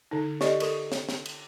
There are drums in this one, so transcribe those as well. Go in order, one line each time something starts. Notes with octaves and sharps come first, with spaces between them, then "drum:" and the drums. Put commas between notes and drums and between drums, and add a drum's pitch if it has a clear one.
D3 D#4
G4 A4 D5 D#5, drum: snare
A4 A#4 C#6, drum: cymbal
drum: snare
drum: snare
drum: cymbal